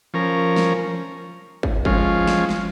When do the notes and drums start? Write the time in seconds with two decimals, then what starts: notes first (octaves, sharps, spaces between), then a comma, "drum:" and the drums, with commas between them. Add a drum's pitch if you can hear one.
0.14 F3 C#4 A#4
0.56 drum: snare
1.63 drum: kick
1.85 F3 G#3 C#4 F4, drum: kick
2.27 drum: snare
2.49 drum: snare